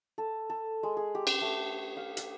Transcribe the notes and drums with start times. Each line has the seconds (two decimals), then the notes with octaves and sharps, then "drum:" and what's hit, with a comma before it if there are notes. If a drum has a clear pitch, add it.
0.18 A4
0.50 A4
0.83 G#3
0.97 G#4
1.15 G4
1.27 drum: cymbal
1.42 A3
1.97 F5
2.17 drum: hi-hat